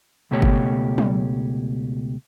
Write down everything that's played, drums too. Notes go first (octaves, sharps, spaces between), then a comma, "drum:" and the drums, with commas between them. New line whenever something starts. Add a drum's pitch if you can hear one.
C#2 B2 A3 G4 C#5
drum: kick G1
drum: tom F#3